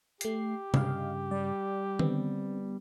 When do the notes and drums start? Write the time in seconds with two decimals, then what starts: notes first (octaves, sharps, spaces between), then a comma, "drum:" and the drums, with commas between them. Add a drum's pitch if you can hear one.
0.21 A3 G4 C7, drum: hi-hat
0.74 G2 C#3 D#5 F5, drum: tom C3
1.31 G3 D5
1.99 D3 B3 C4, drum: tom D#3